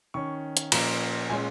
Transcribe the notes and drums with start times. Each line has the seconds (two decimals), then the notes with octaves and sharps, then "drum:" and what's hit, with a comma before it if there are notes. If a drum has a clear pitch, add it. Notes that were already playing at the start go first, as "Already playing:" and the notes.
0.14 D#3 C#4 C#6
0.57 drum: hi-hat
0.72 A#2 F3 A#3 C#4 A#5, drum: cymbal
1.29 A#2 G#3 C#4 G#5